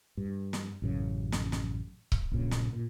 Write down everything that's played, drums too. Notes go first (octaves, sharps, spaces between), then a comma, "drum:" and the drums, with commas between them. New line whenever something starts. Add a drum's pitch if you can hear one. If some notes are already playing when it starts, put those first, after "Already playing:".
G2
drum: snare
A1 F#2 C#3
drum: snare
drum: snare
drum: kick C#1
A#1 G2 A#2 C#3
drum: snare
A#2